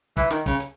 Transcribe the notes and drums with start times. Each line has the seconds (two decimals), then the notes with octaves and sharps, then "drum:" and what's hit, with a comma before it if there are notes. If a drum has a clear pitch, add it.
0.17 E3, drum: kick, hi-hat
0.31 D#3, drum: snare
0.46 C#3, drum: kick, hi-hat
0.60 drum: hi-hat